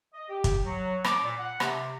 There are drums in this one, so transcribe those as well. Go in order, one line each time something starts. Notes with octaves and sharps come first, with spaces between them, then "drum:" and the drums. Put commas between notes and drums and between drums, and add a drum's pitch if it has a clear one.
D#5
G4
drum: kick, hi-hat
F#3
D6, drum: rim click
A#2
F#5
C3, drum: rim click